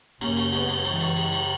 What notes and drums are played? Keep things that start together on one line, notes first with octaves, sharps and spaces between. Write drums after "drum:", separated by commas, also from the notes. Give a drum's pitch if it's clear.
F#2 C#3 A#3 C#4, drum: cymbal
drum: cymbal
G#3 B3, drum: cymbal
drum: cymbal
E3 G#3, drum: cymbal
drum: cymbal
drum: cymbal
drum: cymbal